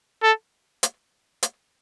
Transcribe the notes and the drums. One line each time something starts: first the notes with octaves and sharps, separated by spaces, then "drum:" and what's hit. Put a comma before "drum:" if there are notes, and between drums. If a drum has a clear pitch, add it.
A4
drum: hi-hat
drum: hi-hat